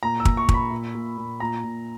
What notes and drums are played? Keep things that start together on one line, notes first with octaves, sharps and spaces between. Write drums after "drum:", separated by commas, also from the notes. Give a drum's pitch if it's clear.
A#2 A#5
E6
A#2, drum: kick
C#6
A#2, drum: kick
B5
A#2
A#2
A#2
A#2 A#5
A#2